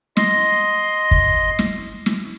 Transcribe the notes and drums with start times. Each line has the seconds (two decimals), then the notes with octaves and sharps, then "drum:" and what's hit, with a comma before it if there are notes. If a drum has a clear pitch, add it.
0.17 D#5 C6, drum: snare
1.11 drum: kick
1.59 drum: snare
2.06 drum: snare